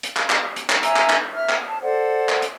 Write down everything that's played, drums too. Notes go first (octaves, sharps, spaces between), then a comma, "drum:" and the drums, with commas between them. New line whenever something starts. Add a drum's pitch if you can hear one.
drum: hi-hat
drum: clap
drum: clap
drum: hi-hat
drum: clap
E5 G#5 A#5 E6, drum: hi-hat
drum: clap
drum: clap
E5 F6
drum: clap
A5
A4 C5 D5 F#5
drum: clap
drum: hi-hat